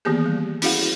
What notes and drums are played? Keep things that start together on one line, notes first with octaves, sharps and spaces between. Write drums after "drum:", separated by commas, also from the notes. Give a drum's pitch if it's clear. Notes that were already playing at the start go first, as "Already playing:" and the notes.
D#3 E3 A#3 B3 G4 G#4
G3
C#4 E4 F#4 G#4 F5 F#5, drum: open hi-hat